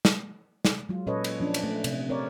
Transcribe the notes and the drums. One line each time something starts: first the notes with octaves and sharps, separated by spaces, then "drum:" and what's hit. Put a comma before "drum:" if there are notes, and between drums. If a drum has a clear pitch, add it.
drum: snare
drum: snare
F#3 G#3 F4
A#2 C#4 A4 B4 C#5 D#5
drum: cymbal
F3 C#4 D4
drum: cymbal
A3
C3, drum: cymbal
C4 A#4 C#5 D5